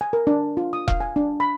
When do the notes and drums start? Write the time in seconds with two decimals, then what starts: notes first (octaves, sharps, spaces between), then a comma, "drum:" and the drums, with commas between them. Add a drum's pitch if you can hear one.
0.01 G#5
0.13 A#4
0.27 D4
0.57 F4
0.73 D#6
0.88 F5, drum: kick E1
1.00 G#5
1.16 D4
1.40 B5